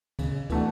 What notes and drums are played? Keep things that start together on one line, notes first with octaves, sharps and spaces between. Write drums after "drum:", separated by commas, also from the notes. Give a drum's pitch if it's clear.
C#3, drum: kick, cymbal
E3 A3 D4 F#4, drum: kick, cymbal